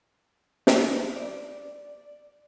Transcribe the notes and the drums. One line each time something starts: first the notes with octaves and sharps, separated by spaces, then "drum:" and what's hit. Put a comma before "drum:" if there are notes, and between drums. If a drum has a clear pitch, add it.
drum: snare
D5